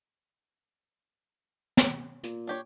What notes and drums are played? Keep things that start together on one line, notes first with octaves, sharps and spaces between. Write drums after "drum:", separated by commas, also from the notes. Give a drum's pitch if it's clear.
drum: snare
A#2, drum: hi-hat
D4 G4 C#5